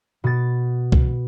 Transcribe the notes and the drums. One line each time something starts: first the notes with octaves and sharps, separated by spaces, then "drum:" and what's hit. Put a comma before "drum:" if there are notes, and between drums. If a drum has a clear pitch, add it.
B2 A6
drum: kick